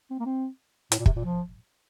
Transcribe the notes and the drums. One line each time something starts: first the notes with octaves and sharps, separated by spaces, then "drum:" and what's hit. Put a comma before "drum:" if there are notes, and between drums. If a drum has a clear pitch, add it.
C4
A#3
C4
A2, drum: hi-hat
A#2
C3, drum: kick
A#2
F3